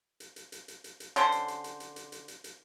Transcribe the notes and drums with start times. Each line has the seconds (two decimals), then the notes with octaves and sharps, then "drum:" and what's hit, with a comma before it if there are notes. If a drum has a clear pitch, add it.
0.20 drum: hi-hat
0.36 drum: hi-hat
0.52 drum: hi-hat
0.68 drum: hi-hat
0.84 drum: hi-hat
1.00 drum: hi-hat
1.16 D3 C#4 C5, drum: hi-hat
1.32 drum: hi-hat
1.48 drum: hi-hat
1.64 drum: hi-hat
1.80 drum: hi-hat
1.96 drum: hi-hat
2.12 drum: hi-hat
2.28 drum: hi-hat
2.44 drum: hi-hat